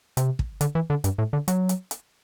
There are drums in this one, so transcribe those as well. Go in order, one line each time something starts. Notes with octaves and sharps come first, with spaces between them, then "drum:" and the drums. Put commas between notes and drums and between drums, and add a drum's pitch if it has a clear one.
C3, drum: hi-hat
drum: kick
D3, drum: hi-hat
E3
D3
G2, drum: hi-hat
A2
D3
F#3, drum: hi-hat
drum: hi-hat
drum: hi-hat